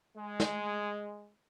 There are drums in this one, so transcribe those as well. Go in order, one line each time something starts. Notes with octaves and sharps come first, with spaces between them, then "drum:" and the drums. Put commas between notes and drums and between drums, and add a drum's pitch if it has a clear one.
G#3
drum: snare